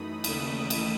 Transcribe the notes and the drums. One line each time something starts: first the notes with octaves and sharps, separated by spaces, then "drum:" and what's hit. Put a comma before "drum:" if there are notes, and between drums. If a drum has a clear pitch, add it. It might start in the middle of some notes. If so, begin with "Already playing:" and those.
Already playing: F#2 E3 A3 D#4 B5 D#6
D#2 C#3 E3 A3 B5 D#6, drum: cymbal
drum: cymbal